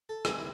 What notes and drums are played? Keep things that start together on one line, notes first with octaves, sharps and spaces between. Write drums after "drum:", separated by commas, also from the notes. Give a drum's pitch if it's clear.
A4
D#3 G3 C4 G#4, drum: rim click
E4